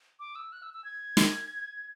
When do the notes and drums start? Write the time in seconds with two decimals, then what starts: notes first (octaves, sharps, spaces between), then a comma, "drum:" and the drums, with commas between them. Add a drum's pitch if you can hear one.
0.20 D6
0.35 E6
0.53 F#6
0.63 E6
0.74 E6
0.84 G#6
1.17 drum: snare